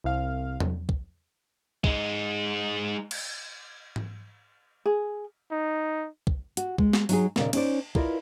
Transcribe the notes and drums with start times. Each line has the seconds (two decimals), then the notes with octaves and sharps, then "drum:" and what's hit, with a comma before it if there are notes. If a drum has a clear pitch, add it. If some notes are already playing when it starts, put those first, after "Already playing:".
0.04 C2 F5
0.60 drum: tom E2
0.89 drum: kick
1.84 G#3 D#4, drum: kick
3.11 drum: cymbal
3.96 drum: tom G#2
4.86 G#4
5.52 D#4
6.27 drum: kick
6.57 F#4, drum: hi-hat
6.78 G#3, drum: kick
6.93 drum: snare
7.09 F#3 D#4 G#4, drum: open hi-hat
7.36 D#2 A#2 C#3 D5, drum: snare
7.53 C#4 D#4 C5 D5, drum: cymbal
7.95 E4 F4 A#4 B4 D5 D#5, drum: kick